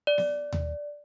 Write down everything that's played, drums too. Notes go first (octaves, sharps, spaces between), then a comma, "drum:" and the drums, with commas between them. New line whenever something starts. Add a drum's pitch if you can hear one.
D5
drum: snare B3
drum: tom D#2